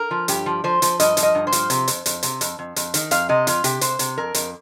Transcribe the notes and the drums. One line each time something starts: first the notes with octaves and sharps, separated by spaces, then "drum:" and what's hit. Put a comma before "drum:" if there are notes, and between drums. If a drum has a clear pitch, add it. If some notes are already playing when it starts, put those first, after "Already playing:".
Already playing: A#4
F3
G2 G4, drum: hi-hat
F3
F3 C5
F3, drum: hi-hat
G2 D#5, drum: hi-hat
F3, drum: hi-hat
D#5
G2
C5
F3, drum: hi-hat
C3, drum: hi-hat
F2, drum: hi-hat
F2, drum: hi-hat
C3, drum: hi-hat
F2, drum: hi-hat
F2
F2, drum: hi-hat
D#3, drum: hi-hat
F2 F5, drum: hi-hat
C3 D#5
F2 F4, drum: hi-hat
C3 G4, drum: hi-hat
C3 C5, drum: hi-hat
C3, drum: hi-hat
F2 A#4
F2, drum: hi-hat